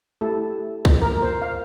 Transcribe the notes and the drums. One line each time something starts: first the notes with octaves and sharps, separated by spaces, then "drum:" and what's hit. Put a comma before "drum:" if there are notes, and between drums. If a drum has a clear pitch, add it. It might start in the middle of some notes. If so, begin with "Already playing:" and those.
A3 E4 G4 A4
drum: kick
A#3 F4 A#4
C5
F5